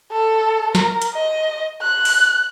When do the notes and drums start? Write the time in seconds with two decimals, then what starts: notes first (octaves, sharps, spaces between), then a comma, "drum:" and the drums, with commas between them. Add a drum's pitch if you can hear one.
0.11 A4
0.75 A#4, drum: snare
1.02 drum: hi-hat
1.14 D#5
1.81 F#6
2.05 drum: open hi-hat